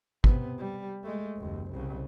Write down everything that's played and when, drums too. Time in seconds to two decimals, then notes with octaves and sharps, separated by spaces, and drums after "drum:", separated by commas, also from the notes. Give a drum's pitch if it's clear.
0.24 C3 B3, drum: kick
0.59 G3
1.04 G#3 A3
1.36 F#1 D#2
1.72 C2 C#3